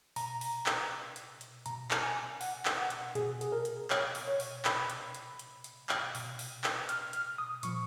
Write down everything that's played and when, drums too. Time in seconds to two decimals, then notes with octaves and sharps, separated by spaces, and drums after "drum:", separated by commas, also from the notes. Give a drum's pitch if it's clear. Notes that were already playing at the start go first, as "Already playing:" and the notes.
0.16 B2 A#5, drum: open hi-hat
0.41 drum: open hi-hat
0.66 drum: clap
1.16 drum: hi-hat
1.41 drum: hi-hat
1.66 B2 A#5, drum: hi-hat
1.91 drum: clap
2.03 G#5
2.41 F#5, drum: open hi-hat
2.65 drum: clap
2.78 F#5
2.90 drum: hi-hat
3.15 B2 G#4, drum: hi-hat
3.41 G#4, drum: hi-hat
3.52 A#4
3.65 drum: hi-hat
3.90 C#5, drum: clap
4.15 drum: open hi-hat
4.28 C#5
4.40 drum: open hi-hat
4.65 B2 B5, drum: clap
4.90 drum: hi-hat
5.15 drum: hi-hat
5.39 drum: hi-hat
5.64 drum: hi-hat
5.89 drum: clap
6.15 B2, drum: open hi-hat
6.39 drum: open hi-hat
6.64 drum: clap
6.89 F6, drum: hi-hat
7.13 F6, drum: hi-hat
7.38 D#6
7.63 A#2 F3 C#6, drum: hi-hat